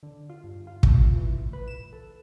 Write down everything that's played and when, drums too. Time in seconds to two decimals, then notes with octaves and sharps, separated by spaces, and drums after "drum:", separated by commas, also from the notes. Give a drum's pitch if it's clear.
0.03 D3
0.30 F4
0.44 G2
0.67 F4
0.83 F4, drum: kick
1.16 E3
1.38 A1
1.53 B4
1.68 E7
1.93 A4